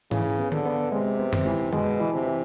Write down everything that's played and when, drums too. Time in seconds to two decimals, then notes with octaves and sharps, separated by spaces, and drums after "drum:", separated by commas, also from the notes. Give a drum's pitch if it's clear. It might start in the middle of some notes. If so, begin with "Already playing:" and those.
0.11 C#3 E3, drum: tom G#2
0.38 B3
0.52 D3, drum: tom D3
0.65 B3
0.92 C3 G#3
1.19 B3
1.33 drum: tom
1.46 E3
1.73 B2 G#3, drum: tom D3
2.00 E3
2.14 C3
2.27 E3